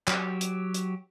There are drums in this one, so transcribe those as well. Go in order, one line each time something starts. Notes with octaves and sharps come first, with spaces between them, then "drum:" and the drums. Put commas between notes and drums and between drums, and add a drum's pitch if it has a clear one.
F#3 G4, drum: clap
drum: hi-hat
drum: hi-hat